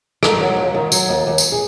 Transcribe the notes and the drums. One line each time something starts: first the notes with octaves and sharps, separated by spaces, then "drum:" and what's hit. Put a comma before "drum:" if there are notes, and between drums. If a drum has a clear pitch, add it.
D#3 A4, drum: rim click
F#3
D#2
D#3
F#3, drum: tambourine
D#2
D#2
drum: tambourine
G#4